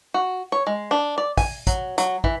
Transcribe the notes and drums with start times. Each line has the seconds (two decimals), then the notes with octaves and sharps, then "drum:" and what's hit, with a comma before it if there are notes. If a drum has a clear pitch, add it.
0.14 F#4
0.52 C#5
0.67 G#3
0.91 D4
1.18 D5
1.37 G#5, drum: kick, open hi-hat
1.67 F#3, drum: kick, hi-hat
1.98 F#3, drum: hi-hat
2.24 E3, drum: kick